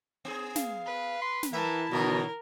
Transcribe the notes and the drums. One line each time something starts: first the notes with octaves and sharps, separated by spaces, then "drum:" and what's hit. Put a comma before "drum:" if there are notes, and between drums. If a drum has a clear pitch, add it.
B3 G#4
F5, drum: snare
B4
C6
drum: snare
E3 B3 E4 A#4 E5 A5
B2 D3 E3 F#3 A#4